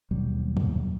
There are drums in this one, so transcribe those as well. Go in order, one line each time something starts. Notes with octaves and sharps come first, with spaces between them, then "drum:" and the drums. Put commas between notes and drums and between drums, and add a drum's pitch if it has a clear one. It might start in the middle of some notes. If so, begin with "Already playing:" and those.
D#2 B2 F#3 G3
drum: kick